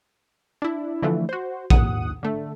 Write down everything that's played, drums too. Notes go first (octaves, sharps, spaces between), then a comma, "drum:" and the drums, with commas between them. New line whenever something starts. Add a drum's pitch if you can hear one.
D4 E4
D3 E3 F3 A3
F#4 C5
A#1 D#2 F#5 D#6, drum: kick A#1
D3 A3